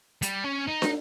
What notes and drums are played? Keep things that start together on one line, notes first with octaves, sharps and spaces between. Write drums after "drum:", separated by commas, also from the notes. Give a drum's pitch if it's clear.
G3, drum: hi-hat
C#4
D#4
drum: snare